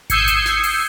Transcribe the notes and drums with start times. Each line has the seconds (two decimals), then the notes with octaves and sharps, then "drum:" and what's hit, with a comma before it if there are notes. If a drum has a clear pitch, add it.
0.10 D#6 E6 G6 G#6 C7 C#7, drum: kick G#1, hi-hat
0.28 drum: hi-hat
0.46 drum: snare
0.64 drum: open hi-hat